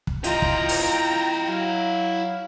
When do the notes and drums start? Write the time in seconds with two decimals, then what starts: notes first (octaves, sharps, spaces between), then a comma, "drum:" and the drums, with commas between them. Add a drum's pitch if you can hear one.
0.07 drum: kick
0.24 E4 F4 D#5 G5 A#5, drum: hi-hat
0.42 drum: kick
0.69 drum: open hi-hat
1.47 F#3 F5